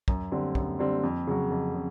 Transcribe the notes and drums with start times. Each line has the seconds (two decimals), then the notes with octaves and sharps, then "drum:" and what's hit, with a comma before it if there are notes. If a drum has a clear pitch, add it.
0.08 F#2, drum: kick
0.32 D3 G3 C4
0.55 F#2, drum: kick
0.79 D3 G3 C4
1.03 F2
1.27 C#3 F#3
1.50 F2
1.74 C#3